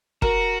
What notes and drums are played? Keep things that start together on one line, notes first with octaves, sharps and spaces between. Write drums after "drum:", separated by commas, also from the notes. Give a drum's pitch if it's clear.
F#4 A#4, drum: kick